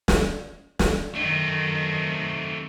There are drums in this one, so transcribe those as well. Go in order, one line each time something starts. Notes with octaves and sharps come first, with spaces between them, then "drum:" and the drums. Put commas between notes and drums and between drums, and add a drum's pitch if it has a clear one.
drum: snare
drum: snare
F#2 D#3 A3 C4